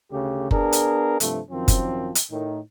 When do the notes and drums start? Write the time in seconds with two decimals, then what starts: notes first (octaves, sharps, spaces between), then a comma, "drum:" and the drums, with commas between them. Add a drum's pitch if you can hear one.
0.12 D2 C#3 A3 G4
0.51 B3 D4 G#4 A#4, drum: kick F#1
0.72 drum: hi-hat
1.20 G2 C3 F3 A3, drum: hi-hat
1.50 F#2 D#3 F3 C4
1.68 drum: kick F#1, hi-hat
2.15 drum: hi-hat
2.31 A2 D#3